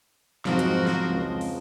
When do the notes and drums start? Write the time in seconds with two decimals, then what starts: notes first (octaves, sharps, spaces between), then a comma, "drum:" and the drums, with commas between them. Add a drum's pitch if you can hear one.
0.45 F2 G#2 F3 F#3 F#4 A#4 C5, drum: snare
0.59 drum: hi-hat
0.86 drum: snare
1.09 C#2
1.41 drum: open hi-hat